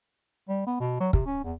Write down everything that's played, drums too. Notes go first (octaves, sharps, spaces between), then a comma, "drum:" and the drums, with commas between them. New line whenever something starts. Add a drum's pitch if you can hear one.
G3
B3
B2
F#3
C3, drum: kick
C#4
E2